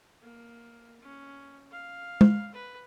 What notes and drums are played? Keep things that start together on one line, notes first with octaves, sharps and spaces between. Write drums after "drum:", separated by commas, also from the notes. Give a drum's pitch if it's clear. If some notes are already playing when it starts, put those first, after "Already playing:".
A#3
C#4
F5
drum: tom
B4